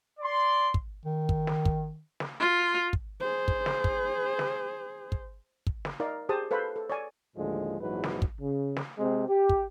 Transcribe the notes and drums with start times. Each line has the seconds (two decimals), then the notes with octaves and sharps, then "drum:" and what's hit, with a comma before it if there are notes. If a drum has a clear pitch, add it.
0.19 D5 C6
0.74 drum: kick
1.05 D#3
1.29 drum: kick
1.47 drum: snare
1.65 drum: kick
2.20 drum: snare
2.40 F4
2.93 drum: kick
3.20 G#4 C5
3.48 drum: kick
3.66 drum: snare
3.84 drum: kick
4.39 drum: snare
5.12 drum: kick
5.67 drum: kick
5.85 drum: snare
6.00 D#4 A#4 D5 F5
6.29 G4 G#4 C5 A5 D#6
6.51 A4 B4 C5 F5 B5
6.76 A4
6.90 C#5 D5 G#5
7.37 D#2 A2 D3 F3 G#3
7.81 A#1 G#2 E3 F#3 B4
8.04 drum: snare
8.22 drum: kick
8.40 C#3
8.76 drum: snare
8.98 C3 G#3 C4
9.29 G4
9.49 drum: kick